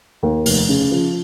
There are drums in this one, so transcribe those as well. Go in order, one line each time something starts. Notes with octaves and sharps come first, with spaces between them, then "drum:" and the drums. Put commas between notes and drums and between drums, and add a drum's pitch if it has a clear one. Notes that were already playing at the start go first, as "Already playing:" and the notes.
D#2
F1, drum: open hi-hat
C#3
F3